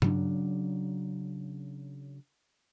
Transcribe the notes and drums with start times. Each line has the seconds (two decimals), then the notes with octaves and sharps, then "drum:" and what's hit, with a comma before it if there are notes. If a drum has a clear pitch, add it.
0.02 C#3 F#3 D4, drum: tom G2